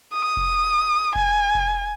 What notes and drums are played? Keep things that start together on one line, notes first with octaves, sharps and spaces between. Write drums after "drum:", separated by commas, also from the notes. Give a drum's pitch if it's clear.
D#6
drum: kick F1
G#5, drum: kick F1
drum: kick F1